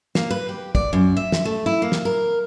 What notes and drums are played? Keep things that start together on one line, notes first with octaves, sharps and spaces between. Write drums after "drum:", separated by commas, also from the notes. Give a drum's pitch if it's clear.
A#3, drum: snare
B4
G4
D5, drum: kick
F#2
E5
drum: snare
A3
E4
A#3
drum: snare
A#4